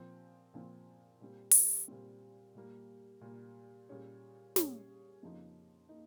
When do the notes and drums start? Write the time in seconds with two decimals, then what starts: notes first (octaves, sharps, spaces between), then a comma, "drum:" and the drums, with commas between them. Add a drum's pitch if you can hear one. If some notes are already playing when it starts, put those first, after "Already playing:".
Already playing: A#2 F3 C4
0.54 A#2 F3 C4
1.21 A#2 G3 C4
1.51 drum: open hi-hat
1.88 A#2 G3 C4
2.55 A#2 G3 A#3
3.21 A#2 G3 A#3
3.89 A#2 G3 C#4 G#4 C#5
4.56 A#2 G3 C#4 G#4 C#5, drum: snare
5.23 F2 C#3 F3 A#3 D#4
5.89 A#3 D#4